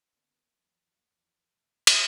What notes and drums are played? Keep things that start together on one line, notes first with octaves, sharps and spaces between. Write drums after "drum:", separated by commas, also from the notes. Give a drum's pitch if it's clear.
D3 E3 A#3 B3 C#4
F2 E3 F#3 A#3
E2 C#3 F3
B2 A3
drum: cymbal